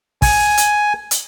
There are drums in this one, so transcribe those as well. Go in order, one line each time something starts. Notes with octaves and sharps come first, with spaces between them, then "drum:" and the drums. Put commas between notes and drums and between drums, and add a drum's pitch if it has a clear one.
G#5, drum: kick, open hi-hat
drum: hi-hat
drum: hi-hat